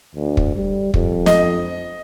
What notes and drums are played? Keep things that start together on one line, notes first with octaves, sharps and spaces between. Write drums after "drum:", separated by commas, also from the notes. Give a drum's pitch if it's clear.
D2
drum: kick
G3
F2, drum: kick
D#5, drum: snare